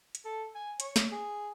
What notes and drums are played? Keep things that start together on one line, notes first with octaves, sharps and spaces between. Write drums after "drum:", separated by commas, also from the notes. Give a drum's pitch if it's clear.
drum: hi-hat
A4
G#5
C#5, drum: hi-hat
drum: snare
G#4